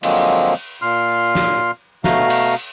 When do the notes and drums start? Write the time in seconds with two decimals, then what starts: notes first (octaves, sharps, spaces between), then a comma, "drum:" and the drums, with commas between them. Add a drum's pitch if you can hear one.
0.03 D3 F3 F#3 G#3 A#3 C4, drum: cymbal
0.82 A#2 C6 F6
1.35 drum: snare
2.04 B2 A3 F5 A#5, drum: snare
2.30 drum: cymbal